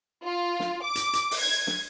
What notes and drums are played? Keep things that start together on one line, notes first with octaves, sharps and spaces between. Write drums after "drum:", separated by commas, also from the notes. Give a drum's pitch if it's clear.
F4
drum: snare
D6
drum: hi-hat
drum: hi-hat
drum: open hi-hat
G#6
drum: snare